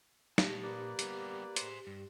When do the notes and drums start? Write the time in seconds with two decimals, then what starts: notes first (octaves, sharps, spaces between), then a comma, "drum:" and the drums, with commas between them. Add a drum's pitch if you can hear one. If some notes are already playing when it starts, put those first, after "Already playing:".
0.38 A#2 G4 A5, drum: snare
0.63 A#3 B4 D5
0.99 G3 B3, drum: hi-hat
1.56 G#4 C5, drum: hi-hat
1.87 G2